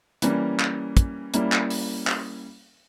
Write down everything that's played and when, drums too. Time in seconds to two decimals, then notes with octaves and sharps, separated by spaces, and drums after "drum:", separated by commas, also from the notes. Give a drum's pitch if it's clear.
0.22 E3 G3 A#3 C#4, drum: hi-hat
0.60 drum: clap
0.97 drum: kick, hi-hat
1.34 G3 A#3 C#4 E4, drum: hi-hat
1.52 drum: clap
1.70 drum: open hi-hat
2.07 drum: clap